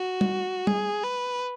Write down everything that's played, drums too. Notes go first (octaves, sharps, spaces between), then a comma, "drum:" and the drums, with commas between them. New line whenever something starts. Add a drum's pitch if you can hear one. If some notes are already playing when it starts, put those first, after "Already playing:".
Already playing: F#4
drum: tom G3
G#4, drum: tom G3
B4